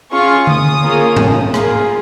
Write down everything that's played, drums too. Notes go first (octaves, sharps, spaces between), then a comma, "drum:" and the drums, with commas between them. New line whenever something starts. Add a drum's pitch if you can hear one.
C#4 F4 G#4 C#6
D#6, drum: tom D3
A#3 C#4 F4 G#4
drum: tom G#2
A#3 F4 G#4, drum: rim click